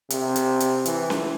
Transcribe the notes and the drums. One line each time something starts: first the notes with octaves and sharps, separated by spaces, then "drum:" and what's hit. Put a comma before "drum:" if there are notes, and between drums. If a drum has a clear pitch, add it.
C3, drum: hi-hat
drum: hi-hat
drum: hi-hat
E3, drum: hi-hat
drum: snare C#4